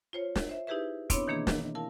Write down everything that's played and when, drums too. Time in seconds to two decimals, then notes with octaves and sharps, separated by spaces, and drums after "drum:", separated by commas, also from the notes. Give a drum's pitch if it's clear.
0.13 F4 C5 C#5
0.36 drum: snare
0.49 C5 E5
0.67 D#4 E4 G4 G#4 B4 E5
1.10 B3 C4 D4 E4 C#5, drum: kick, hi-hat
1.27 B2 D#3 E3 A#3 D4 G#4
1.47 drum: snare
1.75 E4 A#4 F5 A5